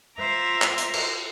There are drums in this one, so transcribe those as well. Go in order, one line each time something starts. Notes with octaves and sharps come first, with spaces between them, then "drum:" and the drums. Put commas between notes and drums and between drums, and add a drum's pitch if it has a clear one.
F4 C5 E5 A#5 D6
drum: clap
drum: hi-hat
drum: cymbal